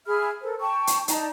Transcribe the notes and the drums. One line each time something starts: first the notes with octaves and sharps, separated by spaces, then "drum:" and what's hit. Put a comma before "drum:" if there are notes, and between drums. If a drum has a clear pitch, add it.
G#4 E5 B5 F6
A4 A#4 C5
G5 A5 C#6
drum: hi-hat
D#4 D5 A5 A#5, drum: hi-hat